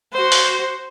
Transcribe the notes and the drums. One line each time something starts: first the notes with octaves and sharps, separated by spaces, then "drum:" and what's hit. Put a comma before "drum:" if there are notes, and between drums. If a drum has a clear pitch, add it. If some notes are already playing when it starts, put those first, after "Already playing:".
F#4 C5
drum: open hi-hat